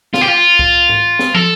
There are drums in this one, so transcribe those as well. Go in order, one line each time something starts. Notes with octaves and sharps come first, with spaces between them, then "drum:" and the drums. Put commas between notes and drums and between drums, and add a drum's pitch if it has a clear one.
F4, drum: snare
G4
F4
drum: kick C2
drum: tom G#2
drum: snare
A4, drum: tom